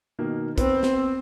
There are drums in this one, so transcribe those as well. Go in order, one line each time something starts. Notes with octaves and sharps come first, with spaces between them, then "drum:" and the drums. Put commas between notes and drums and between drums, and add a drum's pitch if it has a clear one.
B2 D#3 A#3
B3 C4, drum: kick, hi-hat
drum: snare